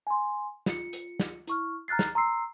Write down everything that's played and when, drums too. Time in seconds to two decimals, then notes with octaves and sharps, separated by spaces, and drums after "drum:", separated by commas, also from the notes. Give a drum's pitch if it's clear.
0.07 G#5 C6
0.66 F4 C#7, drum: snare
0.93 drum: hi-hat
1.20 drum: snare
1.47 E4 C#6 F6, drum: hi-hat
1.88 A#5 F6 F#6 A6 C7
1.99 drum: snare
2.15 A#5 C6 E6 C7